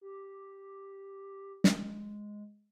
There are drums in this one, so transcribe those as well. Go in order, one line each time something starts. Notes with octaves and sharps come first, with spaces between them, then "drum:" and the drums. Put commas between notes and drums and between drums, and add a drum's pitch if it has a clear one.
G4
G#3, drum: snare